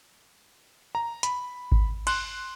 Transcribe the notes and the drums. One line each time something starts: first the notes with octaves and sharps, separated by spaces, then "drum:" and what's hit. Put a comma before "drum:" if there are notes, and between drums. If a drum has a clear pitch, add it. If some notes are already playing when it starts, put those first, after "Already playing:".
A#5
B5, drum: hi-hat
drum: kick G#1
C6 F#6, drum: cymbal